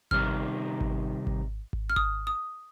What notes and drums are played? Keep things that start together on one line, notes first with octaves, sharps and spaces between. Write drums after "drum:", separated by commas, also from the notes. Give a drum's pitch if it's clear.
C3 D#3 G3 D#4 F6, drum: kick G#1
drum: kick G#1
drum: kick G#1
drum: kick G#1
F6
D#6, drum: kick G#1
D#6